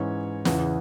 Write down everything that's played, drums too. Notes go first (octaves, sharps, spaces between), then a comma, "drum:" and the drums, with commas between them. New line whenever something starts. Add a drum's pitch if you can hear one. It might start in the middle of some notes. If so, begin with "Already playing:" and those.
Already playing: G#2 E3 C#4 C#5
E2 C#3 E3, drum: snare